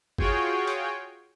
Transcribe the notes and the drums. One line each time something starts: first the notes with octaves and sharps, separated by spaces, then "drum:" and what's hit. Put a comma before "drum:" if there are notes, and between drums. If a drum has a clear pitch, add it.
F4 F#4 G#4 C#5 G5, drum: kick
drum: hi-hat